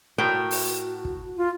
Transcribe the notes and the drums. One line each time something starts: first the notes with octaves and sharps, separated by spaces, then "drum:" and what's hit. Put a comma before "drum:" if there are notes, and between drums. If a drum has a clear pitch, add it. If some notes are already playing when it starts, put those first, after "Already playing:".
A2 F#4 A#4 G5
drum: open hi-hat
drum: kick
F4